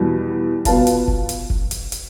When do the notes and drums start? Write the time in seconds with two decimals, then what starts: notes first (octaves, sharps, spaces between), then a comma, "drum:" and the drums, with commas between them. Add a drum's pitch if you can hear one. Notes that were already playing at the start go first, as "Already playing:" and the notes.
Already playing: E2 B2 G3
0.65 B2 B3 F4 F5 A5, drum: kick F1, hi-hat
0.87 drum: hi-hat
1.08 drum: kick F1
1.29 drum: hi-hat
1.50 drum: kick F1
1.71 drum: hi-hat
1.92 drum: hi-hat